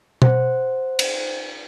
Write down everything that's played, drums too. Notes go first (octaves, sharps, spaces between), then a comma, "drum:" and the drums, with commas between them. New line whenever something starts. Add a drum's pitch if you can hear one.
C5 F#5, drum: tom B2
drum: cymbal